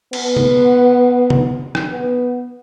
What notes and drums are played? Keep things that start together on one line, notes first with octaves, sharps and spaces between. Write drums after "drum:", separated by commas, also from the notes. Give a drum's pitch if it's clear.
B3, drum: cymbal
drum: tom C3
drum: tom C3
drum: rim click
B3